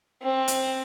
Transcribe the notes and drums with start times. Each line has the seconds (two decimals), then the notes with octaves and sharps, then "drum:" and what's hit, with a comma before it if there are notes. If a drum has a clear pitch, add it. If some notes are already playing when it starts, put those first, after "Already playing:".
0.23 C4
0.48 drum: hi-hat